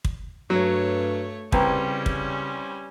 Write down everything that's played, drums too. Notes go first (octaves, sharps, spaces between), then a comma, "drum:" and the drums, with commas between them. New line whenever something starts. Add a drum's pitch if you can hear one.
drum: kick
G2 F#3 A3 C#5
C2 C#3 G3 C#4 B4 G5 A#5, drum: kick
drum: kick